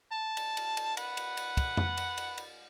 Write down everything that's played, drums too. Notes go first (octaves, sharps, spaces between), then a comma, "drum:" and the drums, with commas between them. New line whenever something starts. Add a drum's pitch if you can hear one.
A5
drum: cymbal
drum: cymbal
drum: cymbal
B4 F#5, drum: cymbal
drum: cymbal
drum: cymbal
drum: kick, cymbal
drum: tom F2
drum: cymbal
drum: cymbal
drum: cymbal